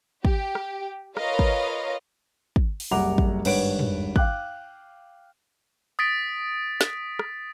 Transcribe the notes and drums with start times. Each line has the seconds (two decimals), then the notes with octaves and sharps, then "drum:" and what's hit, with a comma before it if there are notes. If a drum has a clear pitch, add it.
0.25 G4, drum: kick
0.55 drum: rim click
1.17 F4 A#4 B4 C#5 D#5 F5, drum: rim click
1.39 drum: kick
2.56 drum: kick
2.80 drum: open hi-hat
2.91 F#1 C2 F#5 A#5 D6 F7
3.18 drum: kick
3.45 G#1 G2 B4 C#5 F#5 D7, drum: cymbal
3.79 drum: tom
4.16 F5 G5 D6 F#6, drum: kick
5.99 D#6 A6 B6 D7
6.81 drum: snare
7.19 drum: rim click